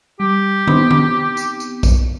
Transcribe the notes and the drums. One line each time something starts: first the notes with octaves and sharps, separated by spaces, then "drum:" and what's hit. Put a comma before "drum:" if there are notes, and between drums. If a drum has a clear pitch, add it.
G3 G4
B3 C4 D#4, drum: tom
drum: tom
drum: tambourine
drum: tambourine
drum: kick A#1, tambourine